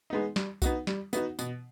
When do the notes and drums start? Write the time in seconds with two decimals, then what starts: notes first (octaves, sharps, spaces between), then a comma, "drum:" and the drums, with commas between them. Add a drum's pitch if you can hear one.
0.10 G#3 B3 D#4
0.36 G3, drum: snare
0.62 B3 D#4 F#4, drum: kick B1, tambourine
0.87 G3, drum: snare
1.13 B3 D#4 F#4, drum: tambourine
1.39 B2, drum: tambourine